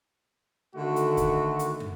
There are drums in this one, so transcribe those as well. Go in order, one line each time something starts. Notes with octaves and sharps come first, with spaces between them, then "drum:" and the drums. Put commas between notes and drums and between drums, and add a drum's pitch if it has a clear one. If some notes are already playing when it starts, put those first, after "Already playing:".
D3 D#3 A3 F#4
drum: hi-hat
drum: kick F1, hi-hat
drum: hi-hat
drum: tom